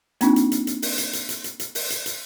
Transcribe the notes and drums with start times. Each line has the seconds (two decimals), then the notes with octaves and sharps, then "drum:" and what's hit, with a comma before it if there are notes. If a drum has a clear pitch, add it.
0.21 A#3 C4 D4 D#4 F4, drum: hi-hat
0.36 drum: hi-hat
0.52 drum: hi-hat
0.67 drum: hi-hat
0.82 drum: open hi-hat
0.98 drum: hi-hat
1.13 drum: hi-hat
1.29 drum: hi-hat
1.44 drum: hi-hat
1.60 drum: hi-hat
1.75 drum: open hi-hat
1.90 drum: hi-hat
2.06 drum: hi-hat